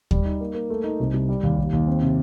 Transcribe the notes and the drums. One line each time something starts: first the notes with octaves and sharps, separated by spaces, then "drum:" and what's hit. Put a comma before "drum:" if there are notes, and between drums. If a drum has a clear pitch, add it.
G3, drum: kick D#2
D#4
A#3
A#3
A3
D#4
C2
C2
G3
D#2
D#2
D#2
C4
C3